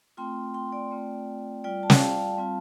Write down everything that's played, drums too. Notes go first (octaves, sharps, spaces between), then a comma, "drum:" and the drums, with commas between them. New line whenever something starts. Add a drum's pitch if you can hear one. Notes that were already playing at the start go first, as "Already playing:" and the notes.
A3 C4 F4 G5 C6
G5 C6
D5 G5
A3 C4 F4
G3 F4 D5 G5
A5
G5, drum: snare
F5 A5
G3 C4 F4